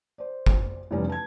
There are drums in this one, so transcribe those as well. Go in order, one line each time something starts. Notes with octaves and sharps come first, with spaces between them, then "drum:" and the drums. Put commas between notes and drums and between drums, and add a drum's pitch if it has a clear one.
C5 D5
drum: kick
F1 E2 G3 C#4
A5 G#6